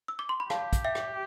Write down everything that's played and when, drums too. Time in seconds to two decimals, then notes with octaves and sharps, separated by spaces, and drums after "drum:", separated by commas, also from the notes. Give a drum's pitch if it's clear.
0.08 E6
0.19 D6
0.29 C6
0.40 B5
0.50 G4 F5 A5, drum: rim click
0.73 drum: kick, hi-hat
0.84 E5 G5
0.95 drum: rim click